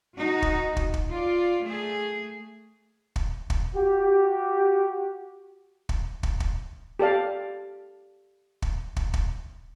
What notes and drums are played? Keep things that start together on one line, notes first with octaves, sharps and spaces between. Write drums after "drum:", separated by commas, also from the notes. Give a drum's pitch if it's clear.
D#4 F#4
drum: kick
drum: kick
drum: kick
F4 D5
A3 G#4
drum: kick
drum: kick
F#4 G4
drum: kick
drum: kick
drum: kick
G4 A4 D5 F5
drum: kick
drum: kick
drum: kick